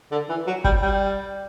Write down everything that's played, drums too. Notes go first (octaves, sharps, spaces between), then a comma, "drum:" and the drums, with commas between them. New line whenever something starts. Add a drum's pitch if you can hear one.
D3
E3
F#3
G3, drum: kick G#1
G3